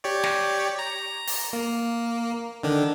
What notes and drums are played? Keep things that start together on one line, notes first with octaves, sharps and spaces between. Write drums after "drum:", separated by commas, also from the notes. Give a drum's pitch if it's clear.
G4 C#5 D5
drum: snare
A#5
drum: open hi-hat
A#3
D3 D#3 D4